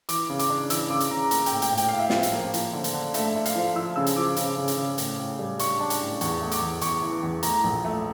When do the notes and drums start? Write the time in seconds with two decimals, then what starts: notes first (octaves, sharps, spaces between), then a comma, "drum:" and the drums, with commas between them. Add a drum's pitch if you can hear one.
0.09 E3 D6, drum: hi-hat
0.30 C#3
0.39 D6, drum: hi-hat
0.50 D4
0.70 E3 E6, drum: hi-hat
0.90 C#3 D6
1.00 drum: hi-hat
1.11 C#3 A#5
1.31 A#3 A#5, drum: hi-hat
1.46 G5, drum: hi-hat
1.51 A2
1.62 G5, drum: hi-hat
1.72 A2
1.77 G5, drum: hi-hat
1.88 A2 F5
1.99 E5
2.10 F3 F5, drum: snare
2.23 drum: hi-hat
2.33 A#3
2.54 F3, drum: hi-hat
2.73 D3
2.84 drum: hi-hat
2.94 D3
3.14 A3 E5, drum: hi-hat
3.35 A3
3.45 F5, drum: hi-hat
3.55 F3
3.76 F3 E6
3.96 C#3 E6
4.06 drum: hi-hat
4.16 F3 D6
4.37 C#3, drum: hi-hat
4.58 C#3
4.68 drum: hi-hat
4.77 C#3
4.98 A2, drum: hi-hat
5.19 A2
5.39 G3
5.59 D4 C#6, drum: hi-hat
5.79 D4 A5
5.90 drum: hi-hat
6.00 A2
6.21 E2 C#6, drum: hi-hat
6.41 A3
6.51 D6, drum: hi-hat
6.61 E2
6.81 E2 C#6, drum: hi-hat
7.02 E3
7.23 E2
7.43 A3 A#5, drum: hi-hat
7.64 A#1
7.85 A3